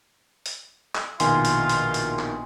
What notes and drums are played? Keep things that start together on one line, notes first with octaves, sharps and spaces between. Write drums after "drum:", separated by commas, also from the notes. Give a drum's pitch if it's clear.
drum: hi-hat
drum: clap
A#1 B2 D#3 F4 G#5 C6, drum: hi-hat
drum: hi-hat
drum: hi-hat
drum: hi-hat
drum: clap